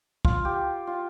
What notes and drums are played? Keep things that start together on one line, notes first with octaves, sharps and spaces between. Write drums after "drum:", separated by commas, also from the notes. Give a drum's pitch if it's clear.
F4, drum: kick
G4
F4